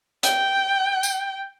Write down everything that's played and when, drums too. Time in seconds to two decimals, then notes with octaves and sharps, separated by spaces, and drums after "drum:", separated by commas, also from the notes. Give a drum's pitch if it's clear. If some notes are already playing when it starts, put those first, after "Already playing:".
0.23 G5, drum: hi-hat
1.03 drum: tambourine